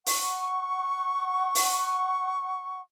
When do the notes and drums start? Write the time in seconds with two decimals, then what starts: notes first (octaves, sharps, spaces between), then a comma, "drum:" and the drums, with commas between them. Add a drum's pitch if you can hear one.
0.06 F#5 C#6, drum: open hi-hat
1.55 drum: open hi-hat